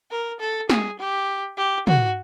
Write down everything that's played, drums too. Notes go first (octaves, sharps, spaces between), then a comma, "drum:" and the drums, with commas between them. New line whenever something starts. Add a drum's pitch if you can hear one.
A#4
A4
G#4, drum: snare
G4
G4
F#4, drum: tom